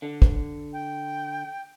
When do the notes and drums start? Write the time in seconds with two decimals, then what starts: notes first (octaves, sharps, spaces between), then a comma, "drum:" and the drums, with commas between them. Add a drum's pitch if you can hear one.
0.02 D3
0.22 drum: kick
0.73 G5